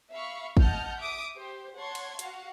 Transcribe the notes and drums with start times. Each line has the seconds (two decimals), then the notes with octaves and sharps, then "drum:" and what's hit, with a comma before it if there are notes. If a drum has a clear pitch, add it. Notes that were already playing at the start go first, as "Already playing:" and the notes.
0.11 E5 F5 B5 C#6
0.57 D#5 F#5 A5 F6 G6, drum: kick
0.98 E5 D6 D#6
1.36 G4 C5
1.77 C#5 F#5 A5 C6 G#6
1.95 drum: cymbal
2.19 F#4 F5, drum: hi-hat